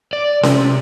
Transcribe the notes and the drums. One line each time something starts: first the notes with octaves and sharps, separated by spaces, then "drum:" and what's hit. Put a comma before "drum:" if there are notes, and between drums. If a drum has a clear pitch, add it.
D5
C3, drum: snare C#4